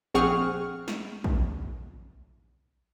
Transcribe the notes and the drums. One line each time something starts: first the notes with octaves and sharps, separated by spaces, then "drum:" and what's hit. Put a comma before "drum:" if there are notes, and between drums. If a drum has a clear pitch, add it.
A#1 C4 G#4 F#5 C#6 F6
drum: snare
drum: kick